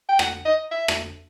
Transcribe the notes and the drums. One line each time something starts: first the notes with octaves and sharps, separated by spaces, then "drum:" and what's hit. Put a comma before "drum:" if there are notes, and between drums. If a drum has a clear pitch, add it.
G5
F#5, drum: rim click
D#5
E5
drum: rim click